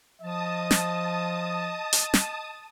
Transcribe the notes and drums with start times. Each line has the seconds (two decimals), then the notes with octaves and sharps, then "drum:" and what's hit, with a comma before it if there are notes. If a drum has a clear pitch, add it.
0.21 F3 D#5 A5 D#6
0.71 drum: snare
1.93 drum: hi-hat
2.14 drum: snare